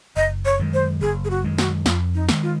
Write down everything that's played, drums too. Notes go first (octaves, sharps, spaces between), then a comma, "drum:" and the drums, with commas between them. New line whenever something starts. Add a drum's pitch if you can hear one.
F#1 D#5
C#5
F#2 D#3 G#3
C5
F#1 G#4
G#4
F#4
F#2 D#3 G#3
F#4, drum: snare
F2 F4, drum: snare
D#4
D#3 G#3, drum: snare
F4